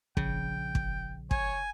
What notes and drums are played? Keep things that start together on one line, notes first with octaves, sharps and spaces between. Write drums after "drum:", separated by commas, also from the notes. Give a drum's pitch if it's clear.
A#1 C#3 F3 G5, drum: kick
drum: kick
C#5 G#5, drum: kick